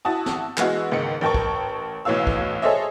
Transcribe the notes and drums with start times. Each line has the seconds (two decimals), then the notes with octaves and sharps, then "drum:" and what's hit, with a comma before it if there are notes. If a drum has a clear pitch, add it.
0.05 E4 F#4 A5 D#6
0.26 drum: snare
0.57 E3 G#3 B3 E4 F#4, drum: clap
0.92 C#2 G#2 D#3 C#7
1.21 A1 A#4 G5 A5 C#6
1.34 drum: kick
2.05 B1 A2 E3 C#5 F5 E6
2.27 drum: kick
2.62 G#4 A4 C5 C#5 D#5 E5